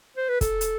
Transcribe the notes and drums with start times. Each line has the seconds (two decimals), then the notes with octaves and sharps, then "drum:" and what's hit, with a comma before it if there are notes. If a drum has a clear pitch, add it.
0.17 C5
0.29 B4
0.41 A4, drum: kick, hi-hat
0.61 drum: hi-hat